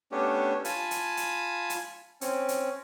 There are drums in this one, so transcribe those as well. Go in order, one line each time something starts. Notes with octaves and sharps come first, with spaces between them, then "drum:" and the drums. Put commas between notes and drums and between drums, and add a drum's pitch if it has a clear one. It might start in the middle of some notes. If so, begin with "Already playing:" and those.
A3 B3 C#4 D4 G4
F4 G#5 A5 B5, drum: hi-hat
drum: hi-hat
drum: hi-hat
drum: hi-hat
C4 C#4, drum: hi-hat
drum: hi-hat